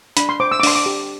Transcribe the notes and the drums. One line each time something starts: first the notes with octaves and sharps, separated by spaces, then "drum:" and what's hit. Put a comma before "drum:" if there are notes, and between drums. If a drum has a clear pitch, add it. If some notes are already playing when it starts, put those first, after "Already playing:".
D4 B5, drum: hi-hat
C6
C5 D6
E6
D6
D4 C6, drum: open hi-hat
D6
G4